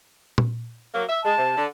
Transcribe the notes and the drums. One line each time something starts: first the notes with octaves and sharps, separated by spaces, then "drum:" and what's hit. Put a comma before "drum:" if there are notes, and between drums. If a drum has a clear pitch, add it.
drum: tom A#2
F#3 A#3
E5
G#3 A5
C3
D3